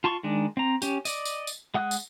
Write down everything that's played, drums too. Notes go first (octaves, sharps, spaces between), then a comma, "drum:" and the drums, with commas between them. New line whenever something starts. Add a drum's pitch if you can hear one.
F4 A5 C6 C#6
D#3 G#3 D4
C4 A#5
C#4 G4, drum: tambourine
D5 D#5, drum: tambourine
drum: tambourine
drum: tambourine
G#3 F#5 D#6 F#6
drum: tambourine